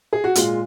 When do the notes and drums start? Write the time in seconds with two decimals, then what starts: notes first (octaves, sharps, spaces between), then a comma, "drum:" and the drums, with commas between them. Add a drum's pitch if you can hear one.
0.13 G#4
0.24 F#4
0.35 A#2 G#3 F4, drum: hi-hat